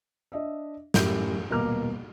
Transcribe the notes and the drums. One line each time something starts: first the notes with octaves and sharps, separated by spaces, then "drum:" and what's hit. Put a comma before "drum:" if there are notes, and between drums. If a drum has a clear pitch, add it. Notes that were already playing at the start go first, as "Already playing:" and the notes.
D4 D#5 E5
F#2 A2 G4 G6, drum: snare
D#1 B2 A#3 A#5 D6 F6